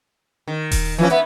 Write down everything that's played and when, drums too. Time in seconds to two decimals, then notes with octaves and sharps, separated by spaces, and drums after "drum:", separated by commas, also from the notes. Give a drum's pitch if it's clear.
0.48 D#3
0.71 drum: kick D#1, open hi-hat
0.99 E3 F3 C#4
1.11 B3 E5